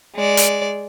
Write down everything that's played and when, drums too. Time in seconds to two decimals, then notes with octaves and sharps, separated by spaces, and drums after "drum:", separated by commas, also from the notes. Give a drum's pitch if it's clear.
0.15 G#3 D5
0.37 drum: hi-hat